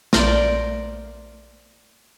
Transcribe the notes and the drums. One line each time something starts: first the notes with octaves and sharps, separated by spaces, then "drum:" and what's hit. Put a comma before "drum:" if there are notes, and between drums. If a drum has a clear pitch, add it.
A#1 A3 A#4 C5 D5 C6, drum: snare